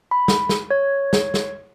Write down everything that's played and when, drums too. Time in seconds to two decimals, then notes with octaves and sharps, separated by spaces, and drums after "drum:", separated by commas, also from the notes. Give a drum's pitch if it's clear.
0.11 B5
0.28 drum: snare
0.49 drum: snare
0.71 C#5
1.13 drum: snare
1.34 drum: snare